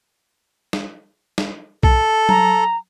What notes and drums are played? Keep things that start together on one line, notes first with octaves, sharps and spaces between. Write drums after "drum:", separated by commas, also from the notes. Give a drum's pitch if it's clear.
drum: snare
drum: snare
A4, drum: kick B1
A#5, drum: tom F#3